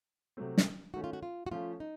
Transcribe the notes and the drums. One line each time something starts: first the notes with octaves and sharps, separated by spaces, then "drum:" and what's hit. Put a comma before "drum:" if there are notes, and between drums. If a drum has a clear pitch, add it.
C3 F#3 A3 C4
drum: snare
D#3 A3 C#4 F#4
F4
F#4
F4
F#4
F3 A3 C#4 F4
D#4